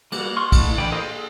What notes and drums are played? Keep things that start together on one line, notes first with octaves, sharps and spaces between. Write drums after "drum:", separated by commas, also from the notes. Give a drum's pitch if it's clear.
G3 A#3 F#4, drum: cymbal
C6 C#6 F6
A3 E4 F#5, drum: kick, cymbal
D3 E3 D5 G5 B5
A4 A#4 C5 D#5 F5
G#4 A4